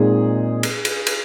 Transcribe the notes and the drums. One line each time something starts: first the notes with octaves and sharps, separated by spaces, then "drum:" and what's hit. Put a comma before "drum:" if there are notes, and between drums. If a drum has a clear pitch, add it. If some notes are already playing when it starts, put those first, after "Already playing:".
Already playing: A#2 G#3 C4 D#4 G#4
drum: cymbal
drum: cymbal
drum: cymbal